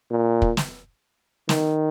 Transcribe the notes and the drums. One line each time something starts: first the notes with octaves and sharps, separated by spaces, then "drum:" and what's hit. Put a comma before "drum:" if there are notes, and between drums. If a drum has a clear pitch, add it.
A#2
drum: kick
drum: snare
D#3, drum: snare